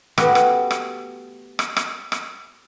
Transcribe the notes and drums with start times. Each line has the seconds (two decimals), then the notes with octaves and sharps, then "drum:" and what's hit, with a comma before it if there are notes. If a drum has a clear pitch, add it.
0.18 A3 B3 F#4 G4, drum: rim click
0.35 drum: rim click
0.71 drum: rim click
1.59 drum: rim click
1.77 drum: rim click
2.12 drum: rim click